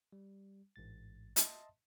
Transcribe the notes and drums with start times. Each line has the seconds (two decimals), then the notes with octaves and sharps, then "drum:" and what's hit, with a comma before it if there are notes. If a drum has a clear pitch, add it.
0.13 G3
0.76 A1 G#2 A6
1.36 D#5 E5 A5 C6, drum: hi-hat